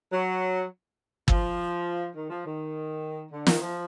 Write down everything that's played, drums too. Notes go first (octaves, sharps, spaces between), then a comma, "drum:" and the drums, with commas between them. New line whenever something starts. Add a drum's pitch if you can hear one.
F#3
F3, drum: kick
D#3
F3
D#3
D3
D#3, drum: snare
F3